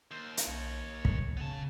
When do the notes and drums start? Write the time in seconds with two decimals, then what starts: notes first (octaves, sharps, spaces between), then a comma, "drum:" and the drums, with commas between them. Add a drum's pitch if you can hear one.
0.11 D#2 C5
0.37 drum: hi-hat
0.47 B1 C#5
1.05 C#2, drum: kick
1.37 C#3 B3 A5